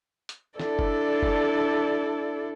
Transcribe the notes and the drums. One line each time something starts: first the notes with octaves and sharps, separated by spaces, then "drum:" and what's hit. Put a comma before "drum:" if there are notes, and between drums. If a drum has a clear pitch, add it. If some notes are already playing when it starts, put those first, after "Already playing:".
drum: hi-hat
D4 E4 A4 D5, drum: snare
drum: kick F#1
drum: kick F#1